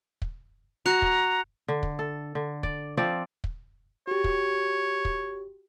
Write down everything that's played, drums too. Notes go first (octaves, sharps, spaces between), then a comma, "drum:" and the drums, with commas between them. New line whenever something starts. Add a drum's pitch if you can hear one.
drum: kick
F#4 A#5 F#6 C#7 F7
drum: kick
D3
drum: kick
A4
D3
D5, drum: kick
F3 C4 D5
drum: kick
F#4 G4 C#5
drum: kick
drum: kick